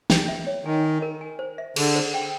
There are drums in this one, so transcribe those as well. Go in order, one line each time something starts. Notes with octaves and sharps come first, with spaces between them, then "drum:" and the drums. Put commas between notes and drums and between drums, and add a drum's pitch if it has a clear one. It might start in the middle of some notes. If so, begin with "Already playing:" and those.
G5, drum: snare
E5
C#5
D#3 G#5
G#5
A#4
G#5
C5
E5
D3 G#4, drum: cymbal
C5
G5